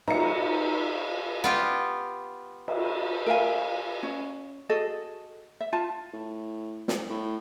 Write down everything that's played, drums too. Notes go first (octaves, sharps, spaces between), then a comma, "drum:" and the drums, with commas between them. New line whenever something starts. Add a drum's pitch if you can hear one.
D#4 A#5 C#7, drum: cymbal
B3 F4 G4
drum: cymbal
A#4 E5 F5 G#5
C#4
F#4 G#4 A4 D#5
E5
F4 A5
A2
drum: snare
A2